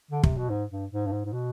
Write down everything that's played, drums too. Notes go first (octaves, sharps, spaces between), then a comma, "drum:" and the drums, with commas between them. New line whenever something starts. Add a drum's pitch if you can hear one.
D3
C3, drum: kick
B2
G#2
G2
G#2
G2
G#2
G#2
B2